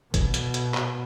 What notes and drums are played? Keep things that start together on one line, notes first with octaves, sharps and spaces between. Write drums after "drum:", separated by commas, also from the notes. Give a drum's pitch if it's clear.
B2, drum: kick, hi-hat
drum: hi-hat
drum: hi-hat
drum: clap